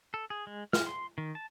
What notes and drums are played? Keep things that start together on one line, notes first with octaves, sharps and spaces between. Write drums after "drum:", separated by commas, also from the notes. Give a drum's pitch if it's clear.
A4
G#4
G#3
F6, drum: snare
C6
D#3
A5